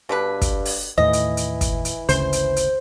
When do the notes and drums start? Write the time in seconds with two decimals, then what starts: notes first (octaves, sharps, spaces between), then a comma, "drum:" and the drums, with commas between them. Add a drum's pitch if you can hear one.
0.09 G2 B2 D3 B4
0.42 drum: kick, hi-hat
0.65 drum: open hi-hat
0.98 D#2 A2 E3 D#5
1.13 drum: hi-hat
1.37 drum: hi-hat
1.61 drum: kick, hi-hat
1.85 drum: hi-hat
2.09 G#1 D2 C#3 C5, drum: hi-hat
2.33 drum: hi-hat
2.56 drum: hi-hat